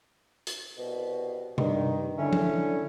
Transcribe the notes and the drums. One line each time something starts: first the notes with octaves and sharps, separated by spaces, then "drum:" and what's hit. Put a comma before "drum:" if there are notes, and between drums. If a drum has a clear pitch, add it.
drum: hi-hat
C2 B2
G2 D#3, drum: tom C3
D3 A3 C#4 E4
drum: tom F3